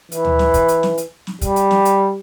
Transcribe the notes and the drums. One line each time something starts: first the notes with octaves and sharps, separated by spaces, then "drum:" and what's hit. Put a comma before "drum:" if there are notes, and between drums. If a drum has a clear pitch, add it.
E3, drum: hi-hat
drum: tom D2
drum: snare
drum: kick, hi-hat
drum: hi-hat
drum: snare
drum: hi-hat
drum: snare
G3, drum: kick, hi-hat
drum: hi-hat
drum: snare
drum: hi-hat